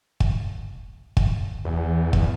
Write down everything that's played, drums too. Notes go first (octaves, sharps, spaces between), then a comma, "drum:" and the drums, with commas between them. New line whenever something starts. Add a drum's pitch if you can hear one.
drum: kick
drum: kick
E2
drum: kick